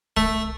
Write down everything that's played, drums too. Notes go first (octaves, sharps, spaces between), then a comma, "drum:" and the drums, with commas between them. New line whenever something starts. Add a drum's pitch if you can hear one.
A3, drum: kick C2